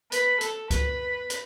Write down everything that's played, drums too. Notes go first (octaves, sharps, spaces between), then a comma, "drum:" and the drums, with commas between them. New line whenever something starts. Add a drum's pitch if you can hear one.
B4, drum: hi-hat
A4, drum: hi-hat
B4, drum: kick C#2, hi-hat
drum: hi-hat